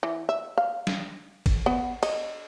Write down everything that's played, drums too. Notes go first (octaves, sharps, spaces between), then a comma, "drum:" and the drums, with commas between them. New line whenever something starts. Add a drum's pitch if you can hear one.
E3
E5
F5
drum: snare
drum: kick, cymbal
B3
D#5, drum: cymbal